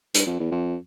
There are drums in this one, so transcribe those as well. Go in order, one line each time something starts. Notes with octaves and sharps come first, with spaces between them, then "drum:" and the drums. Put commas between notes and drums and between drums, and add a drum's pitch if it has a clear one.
G2, drum: hi-hat
F2
E2
F2